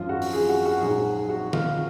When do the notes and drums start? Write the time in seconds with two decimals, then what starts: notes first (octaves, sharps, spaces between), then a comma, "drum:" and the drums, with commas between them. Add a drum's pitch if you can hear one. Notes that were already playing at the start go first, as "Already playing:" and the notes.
Already playing: G#1 F#2 F3 F4
0.09 F#4
0.22 drum: open hi-hat
0.33 G#4
0.49 F#4
0.65 F#4
0.81 A#1 G#2 F#3 G#4
1.29 F#4
1.53 F4, drum: tom D3